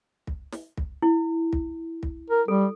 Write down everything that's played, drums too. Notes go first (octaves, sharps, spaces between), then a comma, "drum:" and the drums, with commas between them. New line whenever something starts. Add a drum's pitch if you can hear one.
drum: kick
drum: snare
drum: kick
E4
drum: kick
drum: kick
A#4
G3 A4